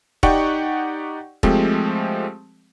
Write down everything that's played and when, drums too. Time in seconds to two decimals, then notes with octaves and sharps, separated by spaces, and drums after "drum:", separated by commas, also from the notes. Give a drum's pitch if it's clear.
0.23 D#4 G4 D5 F#5 G5 C#6, drum: kick
1.43 F3 G#3 A3 C4 G4, drum: kick